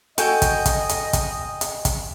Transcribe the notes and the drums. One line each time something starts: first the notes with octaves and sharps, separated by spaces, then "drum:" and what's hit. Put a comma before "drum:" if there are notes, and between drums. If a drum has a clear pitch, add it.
F#4 A4 D#5 G5 G#5 G6, drum: hi-hat
drum: kick, hi-hat
drum: kick, hi-hat
drum: hi-hat
drum: kick, hi-hat
drum: hi-hat
drum: kick, hi-hat